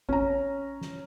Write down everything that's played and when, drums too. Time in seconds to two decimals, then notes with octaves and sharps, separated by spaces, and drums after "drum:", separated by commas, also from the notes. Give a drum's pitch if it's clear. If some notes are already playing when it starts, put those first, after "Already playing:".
0.09 C#4 A#5, drum: kick A1
0.81 drum: snare